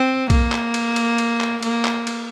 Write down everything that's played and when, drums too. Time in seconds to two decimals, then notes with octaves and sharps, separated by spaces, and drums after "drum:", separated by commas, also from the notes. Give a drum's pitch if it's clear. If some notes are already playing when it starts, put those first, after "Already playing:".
Already playing: C4
0.30 A#3, drum: kick, cymbal
0.52 drum: clap
0.74 drum: cymbal
0.96 drum: cymbal
1.18 drum: cymbal
1.40 drum: clap
1.63 A#3, drum: cymbal
1.85 drum: clap
2.07 drum: cymbal